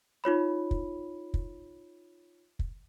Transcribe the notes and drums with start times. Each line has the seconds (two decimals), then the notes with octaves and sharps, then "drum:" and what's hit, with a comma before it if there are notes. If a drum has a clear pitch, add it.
0.24 D#4 F4 C#5 B5
0.71 drum: kick
1.34 drum: kick
2.59 drum: kick